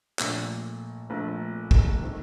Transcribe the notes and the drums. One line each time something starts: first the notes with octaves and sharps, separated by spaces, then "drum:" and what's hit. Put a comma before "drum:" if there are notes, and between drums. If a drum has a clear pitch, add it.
A#1 A#2 A3, drum: clap
A#1 A#2 A3
drum: kick
D#3 A3 C4